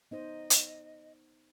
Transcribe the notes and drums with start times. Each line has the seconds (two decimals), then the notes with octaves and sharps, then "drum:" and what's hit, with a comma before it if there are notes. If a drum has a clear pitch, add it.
0.11 B3 D#4 C5 D#5
0.50 drum: hi-hat